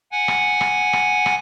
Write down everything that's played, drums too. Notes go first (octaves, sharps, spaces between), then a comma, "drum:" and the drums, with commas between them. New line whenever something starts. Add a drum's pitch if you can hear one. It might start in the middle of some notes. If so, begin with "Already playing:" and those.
F#5 G#5
drum: rim click
drum: rim click
drum: rim click
drum: rim click